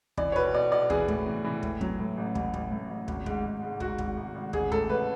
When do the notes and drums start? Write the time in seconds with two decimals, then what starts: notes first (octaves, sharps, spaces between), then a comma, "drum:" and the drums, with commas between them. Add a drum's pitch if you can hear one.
0.17 E3 D5, drum: kick
0.32 C#5
0.36 B1 B4, drum: kick
0.53 B1 D5
0.72 B1 D5
0.90 E3 G#4, drum: kick
1.08 A2, drum: kick
1.26 E3
1.44 E3
1.63 A2, drum: kick
1.81 F#3, drum: kick
1.99 A2
2.17 A1
2.35 A1, drum: kick
2.54 A1, drum: kick
2.71 A2
2.90 A1
3.08 G#1, drum: kick
3.26 G#2, drum: kick
3.44 G#2
3.63 G#2
3.80 G#2 F#4, drum: kick
3.98 G#1, drum: kick
4.17 G#1
4.35 G#1
4.53 A1 G#4, drum: kick
4.72 A2 A4, drum: kick
4.90 A1 B4